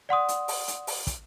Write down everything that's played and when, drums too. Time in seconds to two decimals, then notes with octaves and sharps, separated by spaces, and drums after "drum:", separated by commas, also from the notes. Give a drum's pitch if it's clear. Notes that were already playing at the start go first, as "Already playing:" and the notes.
0.09 D5 F#5 C6 D#6
0.29 drum: hi-hat
0.48 drum: open hi-hat
0.68 drum: hi-hat
0.87 drum: open hi-hat
1.07 drum: kick, hi-hat